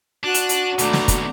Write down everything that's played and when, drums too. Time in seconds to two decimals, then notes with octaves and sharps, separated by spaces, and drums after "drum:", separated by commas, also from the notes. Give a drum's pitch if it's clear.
0.24 D4 F#4 F#6 D#7
0.34 drum: hi-hat
0.49 drum: hi-hat
0.79 D#2 B2 A3 D4 A#5, drum: hi-hat
0.93 drum: snare
1.08 drum: kick, hi-hat